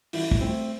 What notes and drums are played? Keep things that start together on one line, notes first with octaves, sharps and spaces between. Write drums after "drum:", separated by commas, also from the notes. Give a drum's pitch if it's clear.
E3, drum: open hi-hat
drum: kick
A3 C4